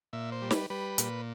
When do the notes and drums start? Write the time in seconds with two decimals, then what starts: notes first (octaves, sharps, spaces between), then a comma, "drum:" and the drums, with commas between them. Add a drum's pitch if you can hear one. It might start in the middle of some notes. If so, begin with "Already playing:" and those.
0.13 A#2 E5
0.32 C5
0.42 G3
0.51 B4, drum: snare
0.70 G3 B4
0.98 A#2, drum: hi-hat